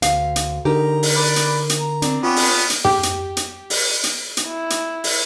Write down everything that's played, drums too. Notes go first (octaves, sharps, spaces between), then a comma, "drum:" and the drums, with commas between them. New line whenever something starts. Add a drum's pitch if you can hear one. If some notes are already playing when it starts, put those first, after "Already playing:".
D2 F5, drum: hi-hat
drum: hi-hat
D3 D#4 G4 A#4 A#5
drum: open hi-hat
B4 D5
drum: hi-hat
drum: hi-hat
A#5
C4 D4, drum: hi-hat
B3 C#4 F4 G4
drum: open hi-hat
drum: hi-hat
G4, drum: tom
drum: hi-hat
drum: hi-hat
drum: open hi-hat
drum: hi-hat
drum: hi-hat
E4
drum: hi-hat
drum: open hi-hat